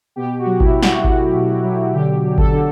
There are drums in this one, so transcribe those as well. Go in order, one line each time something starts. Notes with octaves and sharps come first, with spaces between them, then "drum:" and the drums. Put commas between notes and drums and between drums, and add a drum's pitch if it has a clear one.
B2 G4
F#4
F#3
E4, drum: kick G#1
B2
F#4, drum: snare
A3 F#4, drum: kick G#1
B2
F#3
D3 G4
F#3
A4, drum: kick G#1
D3